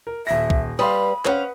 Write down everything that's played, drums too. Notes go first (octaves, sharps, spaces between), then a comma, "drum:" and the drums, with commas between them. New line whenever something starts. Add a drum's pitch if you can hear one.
A#4
D#1 E5 A#6
drum: kick
G3 B4 F5 B5 C6 D#6
C4 C#4 B4 F5 F#5, drum: clap